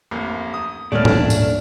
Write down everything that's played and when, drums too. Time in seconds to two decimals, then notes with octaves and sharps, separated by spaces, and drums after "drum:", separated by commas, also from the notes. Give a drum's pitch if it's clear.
0.11 A1 F2 A#3
0.54 D#6
0.92 D#1 A3 A#3 C#4 D4 F6
1.05 drum: tom G#2
1.30 drum: tambourine